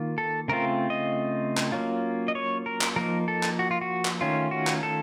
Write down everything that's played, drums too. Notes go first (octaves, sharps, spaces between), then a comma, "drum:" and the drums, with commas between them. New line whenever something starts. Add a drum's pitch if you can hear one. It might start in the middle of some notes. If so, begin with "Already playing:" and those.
Already playing: D#3 A#3 F4
A4
C#3 A3 C4 F4 A#4
D#5
drum: clap
F#3 A#3 C#4 F4
D#5
C#5
A#4
drum: clap
F3 A#3 D#4 A#4
A4
drum: clap
F#4
F4
F#4
drum: clap
D#3 A3 C#4 F4
F#4
drum: clap
A4